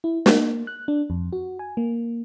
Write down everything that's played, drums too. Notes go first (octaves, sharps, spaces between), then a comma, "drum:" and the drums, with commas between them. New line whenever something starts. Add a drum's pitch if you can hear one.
E4
A#3, drum: snare
F#6
D4
F2
F#4
G#5
A#3